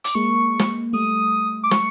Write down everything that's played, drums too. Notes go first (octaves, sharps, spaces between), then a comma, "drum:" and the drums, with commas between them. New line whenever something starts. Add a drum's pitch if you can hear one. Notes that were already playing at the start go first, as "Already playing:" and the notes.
D6, drum: hi-hat
G#3 A#3 C#6
drum: snare
G3 A3 D#6
D6
C#6, drum: snare